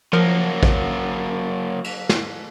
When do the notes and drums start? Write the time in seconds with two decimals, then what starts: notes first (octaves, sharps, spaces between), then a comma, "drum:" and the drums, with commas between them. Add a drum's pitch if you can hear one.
0.13 F3 F#3 A#3 A#4
0.63 drum: kick A1
1.84 drum: cymbal
2.09 drum: snare